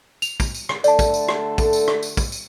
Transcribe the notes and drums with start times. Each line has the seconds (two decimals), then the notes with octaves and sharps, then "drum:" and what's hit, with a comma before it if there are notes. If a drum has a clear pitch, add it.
0.22 F7, drum: tambourine
0.40 drum: kick, tambourine
0.55 drum: tambourine
0.69 drum: rim click
0.84 D3 A3 A4 D5 A5, drum: tambourine
0.99 drum: kick, tambourine
1.14 drum: tambourine
1.29 drum: rim click
1.58 drum: kick, tambourine
1.73 drum: tambourine
1.88 drum: rim click
2.03 drum: tambourine
2.17 drum: kick, tambourine
2.32 drum: tambourine